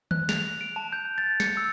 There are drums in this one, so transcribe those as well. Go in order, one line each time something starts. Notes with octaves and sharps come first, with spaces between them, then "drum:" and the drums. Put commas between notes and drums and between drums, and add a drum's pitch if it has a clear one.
F#6, drum: tom D#3
F7, drum: snare
D7
A5
G6
A6
C#7, drum: snare
E6